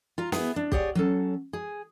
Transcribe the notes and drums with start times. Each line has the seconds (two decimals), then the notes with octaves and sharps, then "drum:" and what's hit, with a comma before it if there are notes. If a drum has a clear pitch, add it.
0.18 F4 A#5
0.32 B3 E4 G#4, drum: snare
0.56 D4
0.72 G4 G#4 C#5 D5 F#5, drum: kick B1
0.95 F#3 C#4 A4
1.53 G#4